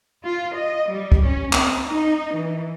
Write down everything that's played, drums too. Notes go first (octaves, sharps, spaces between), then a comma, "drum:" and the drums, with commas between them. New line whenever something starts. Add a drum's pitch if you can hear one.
F4
D#5
G3
drum: kick
C#4
C4, drum: clap
D#4
E3